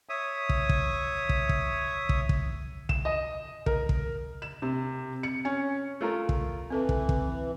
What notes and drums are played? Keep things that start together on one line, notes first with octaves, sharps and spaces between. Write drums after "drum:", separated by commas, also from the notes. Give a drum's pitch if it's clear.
C#5 E5 D#6
drum: kick
drum: kick
drum: kick
drum: kick
drum: kick
drum: kick
E7, drum: kick
D#5
A#4, drum: kick
drum: kick
E7
C3
C#7
C#4
A3 F4 A#4
drum: kick
E3 C4 A4 A5
drum: kick
drum: kick